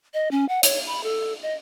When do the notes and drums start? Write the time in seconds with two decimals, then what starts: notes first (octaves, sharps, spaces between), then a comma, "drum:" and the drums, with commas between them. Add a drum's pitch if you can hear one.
0.14 D#5
0.31 C#4
0.49 F#5
0.63 C#5, drum: hi-hat
0.87 B5
1.03 A4
1.42 D#5